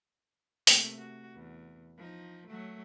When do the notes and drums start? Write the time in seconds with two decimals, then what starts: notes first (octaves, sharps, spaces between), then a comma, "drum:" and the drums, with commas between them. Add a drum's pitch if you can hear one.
0.67 C3 A3 A#3, drum: open hi-hat
0.98 F#4
1.34 E2
1.97 F3 D#4
2.47 F#3 A3